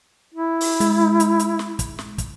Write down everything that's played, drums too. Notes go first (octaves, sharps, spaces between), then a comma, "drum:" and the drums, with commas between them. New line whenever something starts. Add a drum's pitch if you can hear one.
E4
drum: open hi-hat
G#3, drum: hi-hat
drum: hi-hat
drum: hi-hat
drum: snare
drum: kick, hi-hat
drum: snare
drum: kick, hi-hat